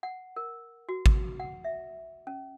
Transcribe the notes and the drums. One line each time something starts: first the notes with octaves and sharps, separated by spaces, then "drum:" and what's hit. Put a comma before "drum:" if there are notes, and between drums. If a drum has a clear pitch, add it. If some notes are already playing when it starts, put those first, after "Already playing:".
F#5
A#4
F#4
drum: kick G#1
F#5
E5
C#4